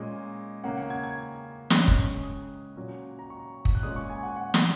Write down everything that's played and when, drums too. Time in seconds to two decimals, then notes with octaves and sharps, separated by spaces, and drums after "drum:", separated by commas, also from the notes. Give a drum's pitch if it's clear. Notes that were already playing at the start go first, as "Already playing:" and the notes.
Already playing: A#2 G#3 C#4
0.64 C#3 A#3 C#4 F#5
0.77 F#5
0.90 G#6
1.04 G#6
1.70 C#3 G#3 C#4 F#6, drum: snare
1.88 drum: kick
2.23 D#6
2.76 A#2 F#3 C#4
3.19 A#5
3.30 C#6
3.65 drum: kick
3.75 F#6
3.83 A#2 G#3 C#4 D#6
3.96 C#6
4.10 G#5
4.23 F#5
4.36 F#5
4.54 drum: snare